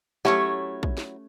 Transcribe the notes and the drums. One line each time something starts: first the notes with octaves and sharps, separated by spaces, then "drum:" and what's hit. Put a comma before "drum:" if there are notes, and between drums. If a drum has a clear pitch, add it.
F#3 A3 C#4 E4 G4 C#5
drum: kick
drum: snare